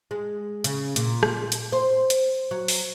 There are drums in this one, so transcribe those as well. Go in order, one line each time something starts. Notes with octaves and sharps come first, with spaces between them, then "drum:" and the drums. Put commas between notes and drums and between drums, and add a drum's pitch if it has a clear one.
G#3
C#3, drum: hi-hat
A#2, drum: hi-hat
drum: rim click
drum: hi-hat
C5
drum: hi-hat
F#3
drum: open hi-hat